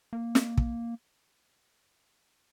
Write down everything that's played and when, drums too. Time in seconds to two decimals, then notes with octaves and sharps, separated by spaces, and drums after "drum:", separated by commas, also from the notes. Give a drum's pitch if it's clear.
0.13 A#3
0.35 drum: snare
0.58 drum: kick